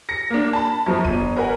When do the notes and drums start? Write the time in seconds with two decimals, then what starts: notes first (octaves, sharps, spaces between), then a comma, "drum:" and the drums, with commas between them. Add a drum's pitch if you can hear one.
0.09 A#6 C#7
0.30 A#3 D4
0.53 A5 B5
0.86 F#2 F3
1.05 G1 D#7, drum: kick F1
1.37 A#4 B4 F#5 G#5